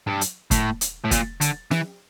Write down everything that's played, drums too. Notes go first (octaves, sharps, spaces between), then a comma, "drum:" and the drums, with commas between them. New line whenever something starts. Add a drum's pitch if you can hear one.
G2
drum: hi-hat
A2, drum: kick, hi-hat
drum: hi-hat
A2
A#2, drum: kick, hi-hat
D3, drum: hi-hat
E3, drum: snare